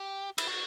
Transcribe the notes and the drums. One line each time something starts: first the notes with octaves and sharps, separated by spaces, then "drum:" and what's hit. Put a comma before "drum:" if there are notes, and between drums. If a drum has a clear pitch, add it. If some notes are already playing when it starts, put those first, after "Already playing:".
Already playing: G4
E4, drum: cymbal
F#4